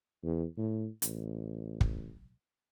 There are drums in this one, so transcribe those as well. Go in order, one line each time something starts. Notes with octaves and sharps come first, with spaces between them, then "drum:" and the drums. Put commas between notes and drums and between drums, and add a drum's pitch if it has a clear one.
E2
A2
A1, drum: hi-hat
drum: kick